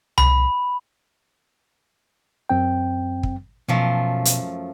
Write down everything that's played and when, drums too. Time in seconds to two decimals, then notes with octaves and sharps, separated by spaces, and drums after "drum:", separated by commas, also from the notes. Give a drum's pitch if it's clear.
0.18 B5, drum: tom C2
2.50 F#2 C4 G5
3.23 drum: kick
3.68 F#2 B2 F3 A3
4.25 drum: hi-hat